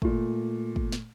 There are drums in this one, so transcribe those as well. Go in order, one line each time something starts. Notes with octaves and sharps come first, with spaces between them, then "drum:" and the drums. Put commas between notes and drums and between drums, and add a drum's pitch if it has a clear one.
A#2 A3, drum: kick
drum: kick
drum: snare